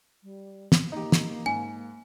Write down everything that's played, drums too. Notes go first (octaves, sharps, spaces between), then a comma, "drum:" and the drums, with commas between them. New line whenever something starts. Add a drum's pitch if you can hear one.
G3
drum: snare
A#3 D#4 G4
drum: snare
G#2 G#5